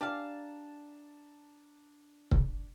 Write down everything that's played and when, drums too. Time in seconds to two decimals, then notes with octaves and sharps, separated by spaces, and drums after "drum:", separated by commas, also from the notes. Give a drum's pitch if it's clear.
0.01 D4 G4 D5 F5 A5 A#5
2.31 drum: kick C#1